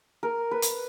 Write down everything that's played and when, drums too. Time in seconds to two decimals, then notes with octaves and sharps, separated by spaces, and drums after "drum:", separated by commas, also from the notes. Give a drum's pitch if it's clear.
0.23 A#4
0.51 B4
0.62 drum: hi-hat